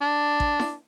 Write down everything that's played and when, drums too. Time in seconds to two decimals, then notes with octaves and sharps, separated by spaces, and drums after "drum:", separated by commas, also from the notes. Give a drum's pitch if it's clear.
0.01 D4
0.40 drum: kick
0.60 drum: snare E4